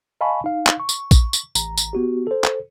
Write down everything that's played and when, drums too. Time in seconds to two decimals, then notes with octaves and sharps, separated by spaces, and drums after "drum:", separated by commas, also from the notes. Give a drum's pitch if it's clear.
0.21 D#5 F5 G#5 A5 B5 C#6
0.44 D#4 F5
0.67 drum: clap
0.80 C#6
0.89 drum: tambourine
1.11 drum: kick, tambourine
1.33 drum: tambourine
1.55 A1 A#5, drum: tambourine
1.78 drum: tambourine
1.93 B3 F#4 G4
2.27 A4 C5
2.44 drum: clap